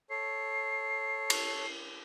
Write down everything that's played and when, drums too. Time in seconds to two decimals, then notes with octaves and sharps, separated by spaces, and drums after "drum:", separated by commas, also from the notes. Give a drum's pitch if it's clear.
0.10 A4 C#5 C7
1.30 drum: cymbal